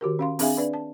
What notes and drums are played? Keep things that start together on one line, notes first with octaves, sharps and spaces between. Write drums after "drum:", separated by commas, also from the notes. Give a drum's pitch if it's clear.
D#3 F#4 G4 A#4
C#4 F5 C6
C4 D4 G#4 E5 F5 G#5, drum: open hi-hat
D4 B4 D5
A5